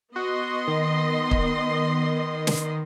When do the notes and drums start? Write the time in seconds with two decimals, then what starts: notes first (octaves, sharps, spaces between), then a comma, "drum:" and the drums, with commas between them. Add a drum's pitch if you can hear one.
0.16 B3 F#4 D#5 C6
0.67 D#3
1.31 drum: kick
2.47 drum: snare